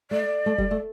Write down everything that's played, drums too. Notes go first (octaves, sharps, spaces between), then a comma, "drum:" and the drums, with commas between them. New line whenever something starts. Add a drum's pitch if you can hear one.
A3 D5
A3
G3, drum: kick F1
A3